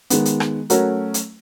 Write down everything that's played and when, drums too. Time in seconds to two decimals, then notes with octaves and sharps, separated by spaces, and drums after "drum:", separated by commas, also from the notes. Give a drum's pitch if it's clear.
0.10 D#3 G#3 B3, drum: hi-hat
0.25 drum: hi-hat
0.40 drum: rim click
0.70 F#3 A3 C#4 F#4 A#4, drum: hi-hat
1.14 drum: hi-hat